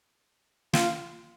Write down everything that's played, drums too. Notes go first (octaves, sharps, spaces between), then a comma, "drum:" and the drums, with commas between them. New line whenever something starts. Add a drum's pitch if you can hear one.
F4, drum: snare